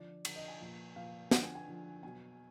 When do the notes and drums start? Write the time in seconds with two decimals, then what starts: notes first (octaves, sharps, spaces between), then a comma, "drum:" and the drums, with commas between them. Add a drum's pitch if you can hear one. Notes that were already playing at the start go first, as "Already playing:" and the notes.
Already playing: D3 F3 D5
0.25 D3 F3, drum: cymbal
0.36 D#5
0.48 G#5
0.60 A#2 F3
0.96 A#2 F3 F5
1.31 D3 F3 F#5, drum: snare
1.43 G#5
1.55 G#5
1.67 D3 F3
2.03 B2 F#3 G#5